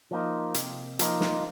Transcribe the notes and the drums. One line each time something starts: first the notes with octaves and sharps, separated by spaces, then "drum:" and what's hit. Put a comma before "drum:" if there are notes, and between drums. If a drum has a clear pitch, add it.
F3 A#3 D#4
C3, drum: hi-hat
F3 A#3 D#4, drum: hi-hat
drum: snare